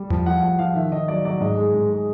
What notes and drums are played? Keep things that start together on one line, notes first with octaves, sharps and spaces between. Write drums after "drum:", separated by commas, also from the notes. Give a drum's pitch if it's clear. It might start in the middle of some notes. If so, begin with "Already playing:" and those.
Already playing: G3
F3, drum: tom E2
F3 F#5
F3 F#5
F3 F5
D#3 E5
D#3 D#5
F#3 D5
F#3 D5
G#2 D#5
G#3
G#2
G#3